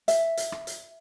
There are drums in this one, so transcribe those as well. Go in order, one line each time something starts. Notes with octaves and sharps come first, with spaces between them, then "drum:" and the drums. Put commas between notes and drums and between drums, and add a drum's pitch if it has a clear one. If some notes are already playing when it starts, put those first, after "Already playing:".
E5, drum: hi-hat
drum: hi-hat
drum: rim click
drum: hi-hat